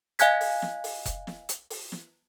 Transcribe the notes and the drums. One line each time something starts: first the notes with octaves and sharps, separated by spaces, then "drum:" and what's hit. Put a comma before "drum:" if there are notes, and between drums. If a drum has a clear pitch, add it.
D#5 F5 G#5 F#6 G#6 B6, drum: hi-hat
drum: open hi-hat
drum: snare
drum: open hi-hat
drum: kick F1, hi-hat
drum: snare
drum: hi-hat
drum: open hi-hat
drum: snare